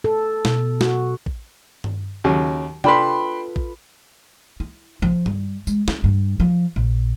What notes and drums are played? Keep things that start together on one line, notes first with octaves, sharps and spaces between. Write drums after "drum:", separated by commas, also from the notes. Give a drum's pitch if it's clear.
A4
B2, drum: snare
F#4, drum: snare
drum: kick A1
drum: tom G2
D#2 C#3 F#3
D4 F4 A4 B4 G5 B5 C6, drum: tom C3
drum: kick A1
E4
F3, drum: kick A1
G3, drum: tom G2
G#3, drum: tambourine
C#4, drum: snare
G2
F3
A#1